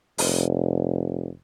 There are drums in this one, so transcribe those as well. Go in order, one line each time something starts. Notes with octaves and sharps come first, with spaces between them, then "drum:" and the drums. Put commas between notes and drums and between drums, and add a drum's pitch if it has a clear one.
F1, drum: open hi-hat